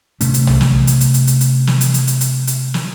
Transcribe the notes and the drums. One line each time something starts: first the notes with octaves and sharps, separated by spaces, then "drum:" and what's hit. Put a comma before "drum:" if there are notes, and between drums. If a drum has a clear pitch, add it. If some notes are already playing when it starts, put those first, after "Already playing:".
C3 A3 C#4, drum: hi-hat
drum: hi-hat
drum: tom
drum: snare
drum: hi-hat
drum: hi-hat
drum: hi-hat
drum: hi-hat
drum: hi-hat
drum: snare
drum: hi-hat
drum: hi-hat
drum: hi-hat
drum: hi-hat
drum: hi-hat
drum: snare